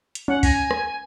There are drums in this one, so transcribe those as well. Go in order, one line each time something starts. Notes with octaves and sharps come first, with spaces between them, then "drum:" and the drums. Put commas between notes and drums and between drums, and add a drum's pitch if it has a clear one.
drum: hi-hat
C#4 F#5
G#5 A#6, drum: kick, open hi-hat
drum: rim click